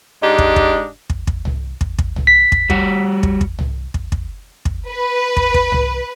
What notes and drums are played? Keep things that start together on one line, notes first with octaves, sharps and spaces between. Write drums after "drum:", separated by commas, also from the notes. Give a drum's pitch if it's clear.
G#2 D4 G4 D#5
drum: kick
drum: kick
drum: kick
drum: kick
drum: tom C2
drum: kick
drum: kick
drum: tom C2
B6
drum: kick
G3 F#4, drum: kick
drum: kick
drum: kick
drum: tom C2
drum: kick
drum: kick
drum: kick
B4
drum: kick
drum: kick
drum: tom C2